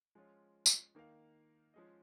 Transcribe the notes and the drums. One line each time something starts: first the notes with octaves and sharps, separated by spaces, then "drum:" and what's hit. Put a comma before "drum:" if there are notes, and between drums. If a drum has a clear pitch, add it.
F3 G#3 C#4 F4
drum: tambourine
D#3 A#3 D#4 A#4 F5
F3 G#3 C#4 G#4 D#5